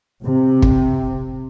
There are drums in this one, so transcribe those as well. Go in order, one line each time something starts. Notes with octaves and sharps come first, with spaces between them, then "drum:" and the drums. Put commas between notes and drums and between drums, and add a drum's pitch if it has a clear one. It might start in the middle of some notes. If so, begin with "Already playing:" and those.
C3
drum: kick